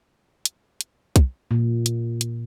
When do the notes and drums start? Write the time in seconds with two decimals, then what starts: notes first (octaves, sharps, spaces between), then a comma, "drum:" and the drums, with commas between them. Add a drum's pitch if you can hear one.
0.45 drum: hi-hat
0.81 drum: hi-hat
1.16 drum: kick, hi-hat
1.51 A#2
1.86 drum: hi-hat
2.21 drum: hi-hat